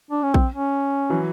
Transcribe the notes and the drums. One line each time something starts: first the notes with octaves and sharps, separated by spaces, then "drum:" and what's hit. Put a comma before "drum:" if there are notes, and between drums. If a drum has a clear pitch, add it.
D4
C#4
C4, drum: kick A#1
C#4
E3 F#3